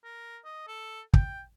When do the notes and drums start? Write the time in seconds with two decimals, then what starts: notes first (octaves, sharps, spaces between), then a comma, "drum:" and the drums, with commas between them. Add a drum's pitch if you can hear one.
0.04 A#4
0.45 D#5
0.67 A4
1.14 G5, drum: kick